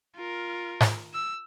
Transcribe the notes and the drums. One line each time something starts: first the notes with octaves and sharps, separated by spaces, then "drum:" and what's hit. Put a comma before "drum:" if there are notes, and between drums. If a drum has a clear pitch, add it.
F4 A#4
drum: snare G#2
E6